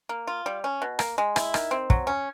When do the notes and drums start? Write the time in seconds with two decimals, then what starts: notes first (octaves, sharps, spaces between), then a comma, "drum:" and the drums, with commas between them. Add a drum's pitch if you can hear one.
0.09 A#3
0.27 F4
0.46 G3
0.64 C#4
0.82 B2
0.99 A#3, drum: rim click
1.18 G#3
1.36 E4, drum: rim click
1.54 D#3, drum: rim click
1.71 C4
1.90 F#3, drum: kick
2.07 C#4